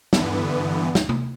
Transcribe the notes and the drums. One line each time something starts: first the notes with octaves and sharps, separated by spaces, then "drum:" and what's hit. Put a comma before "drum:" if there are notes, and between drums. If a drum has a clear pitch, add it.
G2 D3 E3 B3, drum: snare
drum: snare
drum: tom C3